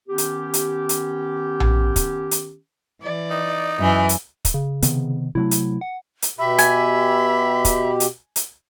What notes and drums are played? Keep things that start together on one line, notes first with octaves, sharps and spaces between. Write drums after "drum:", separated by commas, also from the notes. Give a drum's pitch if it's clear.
D#3 B3 C#4 G4
drum: hi-hat
drum: hi-hat
drum: hi-hat
drum: tom A#1
drum: kick, hi-hat
drum: hi-hat
E3 D5
D#4
F#2 E3 G#5
drum: hi-hat
drum: kick, hi-hat
C#3
C3 D#3 B3, drum: hi-hat
C3 F#3 A3 E4
drum: hi-hat
F#5
drum: hi-hat
B2 G4 E5 B5
G#5, drum: hi-hat
drum: kick, hi-hat
drum: hi-hat
drum: hi-hat